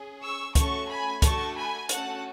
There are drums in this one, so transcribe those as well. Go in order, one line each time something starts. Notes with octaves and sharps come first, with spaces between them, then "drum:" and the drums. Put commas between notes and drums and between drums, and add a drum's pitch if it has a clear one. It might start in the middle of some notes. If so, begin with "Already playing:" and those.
Already playing: C#4 G#4
C#6 E6
A3 C#4 F#4 A5 C#6, drum: kick C#2, hi-hat
G#5 B5
A3 D4 F#4 A4 A5 C#6, drum: kick C#2, hi-hat
G#5 B5
A3 C#4 F#4 A4 F#5 A5, drum: hi-hat